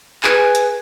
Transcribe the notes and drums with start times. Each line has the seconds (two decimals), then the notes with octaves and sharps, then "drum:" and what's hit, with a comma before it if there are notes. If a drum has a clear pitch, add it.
0.24 G#4 B4 G#5, drum: clap
0.55 drum: hi-hat